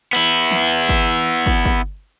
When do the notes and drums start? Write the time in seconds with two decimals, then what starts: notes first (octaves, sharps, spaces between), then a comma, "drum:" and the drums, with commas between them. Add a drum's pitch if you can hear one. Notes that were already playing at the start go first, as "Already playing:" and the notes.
0.13 B3 E4
0.51 drum: snare
0.89 drum: kick
1.46 drum: kick
1.65 drum: kick